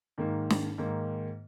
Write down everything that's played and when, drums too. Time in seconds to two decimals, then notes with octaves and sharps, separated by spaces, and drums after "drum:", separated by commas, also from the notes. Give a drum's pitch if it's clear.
0.18 G#2 D#3 A#3
0.51 drum: snare
0.78 G#2 D#3 A#3